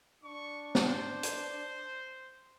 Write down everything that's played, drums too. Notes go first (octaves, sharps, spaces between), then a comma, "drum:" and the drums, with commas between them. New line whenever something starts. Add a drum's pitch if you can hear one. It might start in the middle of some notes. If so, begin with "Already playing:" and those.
D4 C#6
C5, drum: snare
drum: hi-hat